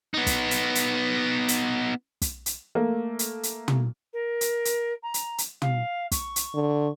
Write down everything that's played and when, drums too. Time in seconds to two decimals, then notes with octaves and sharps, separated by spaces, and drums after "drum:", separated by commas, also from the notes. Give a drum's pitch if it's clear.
0.14 B3 D#4
0.27 drum: kick, hi-hat
0.51 drum: hi-hat
0.75 drum: hi-hat
1.48 drum: hi-hat
2.22 drum: kick, hi-hat
2.46 drum: hi-hat
2.75 A3 A#3
3.19 drum: hi-hat
3.43 drum: hi-hat
3.68 drum: tom
4.13 A#4
4.41 drum: hi-hat
4.65 drum: hi-hat
5.03 A#5
5.14 drum: hi-hat
5.38 drum: hi-hat
5.62 F5, drum: tom
6.11 C#6, drum: kick, hi-hat
6.36 drum: hi-hat
6.55 D3